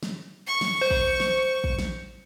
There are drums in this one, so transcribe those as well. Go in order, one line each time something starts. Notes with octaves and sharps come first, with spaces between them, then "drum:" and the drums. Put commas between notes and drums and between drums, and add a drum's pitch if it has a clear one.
drum: snare
C#6
drum: snare
C5
drum: kick
drum: snare
drum: kick
drum: snare